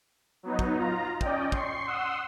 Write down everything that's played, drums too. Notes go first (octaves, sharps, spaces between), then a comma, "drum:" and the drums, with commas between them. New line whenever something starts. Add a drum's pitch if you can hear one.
F#3 B3 D#4
drum: kick
F4 A#5
C#4 D5 D#5 G5, drum: kick
C6 C#6 C7, drum: kick
F#5 C6 D#6 E6